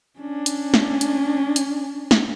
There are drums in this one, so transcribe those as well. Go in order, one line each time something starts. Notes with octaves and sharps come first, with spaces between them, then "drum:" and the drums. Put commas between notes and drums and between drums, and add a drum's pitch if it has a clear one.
C#4 D4
drum: hi-hat
drum: snare
drum: hi-hat
drum: hi-hat
drum: snare